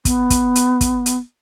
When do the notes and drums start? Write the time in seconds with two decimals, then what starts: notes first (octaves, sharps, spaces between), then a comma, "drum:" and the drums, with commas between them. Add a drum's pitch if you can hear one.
0.05 B3, drum: kick, hi-hat
0.30 drum: kick, hi-hat
0.55 drum: hi-hat
0.81 drum: kick, hi-hat
1.06 drum: hi-hat